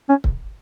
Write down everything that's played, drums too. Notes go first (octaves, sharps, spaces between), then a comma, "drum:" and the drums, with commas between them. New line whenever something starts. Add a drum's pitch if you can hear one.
C#4
drum: kick C#1